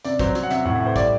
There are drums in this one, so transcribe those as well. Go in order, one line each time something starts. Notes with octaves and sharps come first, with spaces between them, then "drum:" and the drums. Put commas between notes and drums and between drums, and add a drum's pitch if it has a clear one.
C3 D5, drum: hi-hat
F#3 C5, drum: kick, hi-hat
F#3, drum: hi-hat
F#5
C3 E5, drum: hi-hat
A2 F#5
A2 E5
C5
G3 D5, drum: kick, hi-hat